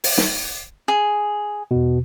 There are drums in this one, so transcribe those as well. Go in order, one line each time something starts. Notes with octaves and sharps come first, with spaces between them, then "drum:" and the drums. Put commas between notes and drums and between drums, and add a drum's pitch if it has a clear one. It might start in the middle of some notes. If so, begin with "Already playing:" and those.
drum: open hi-hat
drum: snare
G#4
E2 B2